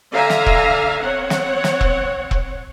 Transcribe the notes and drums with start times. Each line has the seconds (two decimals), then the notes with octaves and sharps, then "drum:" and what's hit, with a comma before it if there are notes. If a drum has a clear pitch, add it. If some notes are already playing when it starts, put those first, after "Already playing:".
0.13 D3 E5 F5 G#5 A#5
0.30 drum: snare
0.46 drum: kick E1
1.01 C4 C#5 F#5
1.30 drum: snare
1.64 drum: snare
1.81 drum: kick E1
2.31 drum: kick E1